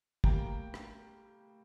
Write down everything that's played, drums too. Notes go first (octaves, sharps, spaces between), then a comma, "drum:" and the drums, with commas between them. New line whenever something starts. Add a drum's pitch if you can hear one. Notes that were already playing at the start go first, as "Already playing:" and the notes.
A2 G3 A#3 G5 A#5, drum: kick
drum: rim click